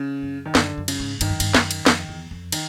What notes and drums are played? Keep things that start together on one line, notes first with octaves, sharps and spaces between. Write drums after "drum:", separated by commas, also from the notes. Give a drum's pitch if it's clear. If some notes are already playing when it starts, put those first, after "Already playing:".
Already playing: C#3
F#2
D#3
F#2 D3, drum: snare
F#2
C#3, drum: cymbal
G#2
G2 D#3, drum: cymbal
F#2
G2, drum: cymbal
F#2, drum: snare
drum: cymbal
F2, drum: snare
E2
F2
D#3, drum: cymbal